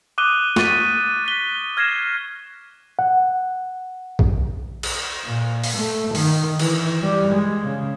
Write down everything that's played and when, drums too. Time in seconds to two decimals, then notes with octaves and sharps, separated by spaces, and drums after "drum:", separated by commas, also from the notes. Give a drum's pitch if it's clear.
0.18 D6 D#6 F#6 D#7 G7
0.56 C#6 D6 G6 A6 B6 D#7, drum: snare
1.25 F#6 B6 G7
1.77 F6 G#6 A#6 C7 E7
2.99 F#5
4.19 drum: kick A#1
4.83 drum: cymbal
5.25 A#2
5.64 drum: open hi-hat
5.77 A3
6.15 D#3, drum: open hi-hat
6.59 E3, drum: cymbal
7.02 G3
7.32 G#3
7.64 C#3